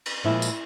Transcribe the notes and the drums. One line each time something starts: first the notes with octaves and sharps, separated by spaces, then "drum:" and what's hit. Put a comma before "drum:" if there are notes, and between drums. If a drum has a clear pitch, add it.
drum: cymbal
A#2 F3 G#3 E4
drum: tambourine